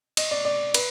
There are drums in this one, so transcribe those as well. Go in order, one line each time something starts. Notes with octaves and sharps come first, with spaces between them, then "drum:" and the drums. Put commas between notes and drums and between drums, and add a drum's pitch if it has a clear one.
D#5, drum: cymbal
D5
D5
B4, drum: cymbal